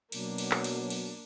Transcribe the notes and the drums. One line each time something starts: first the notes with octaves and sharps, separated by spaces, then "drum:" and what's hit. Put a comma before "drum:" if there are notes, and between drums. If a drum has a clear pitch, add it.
B2 F#3 A#3 D4, drum: cymbal
drum: cymbal
drum: clap
drum: cymbal
drum: cymbal